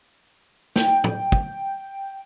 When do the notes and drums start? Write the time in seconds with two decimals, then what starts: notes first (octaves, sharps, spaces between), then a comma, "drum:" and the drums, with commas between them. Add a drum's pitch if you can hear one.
0.76 G5, drum: snare
1.04 drum: tom
1.32 drum: kick